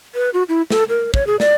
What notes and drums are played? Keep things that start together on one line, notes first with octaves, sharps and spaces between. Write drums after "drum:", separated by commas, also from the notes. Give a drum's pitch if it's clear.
B4
F#4
E4
A4, drum: snare
A#4
C#5, drum: kick
G#4
D5, drum: snare